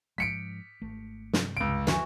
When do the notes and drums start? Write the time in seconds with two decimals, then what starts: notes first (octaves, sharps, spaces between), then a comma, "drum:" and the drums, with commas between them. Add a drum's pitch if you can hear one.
0.18 G#2 F3 G#3 B6 C#7 D7
0.82 G#1 A3
1.33 G2 C3, drum: snare
1.57 C#2 D7
1.87 F#2 D3 E3 F#4, drum: snare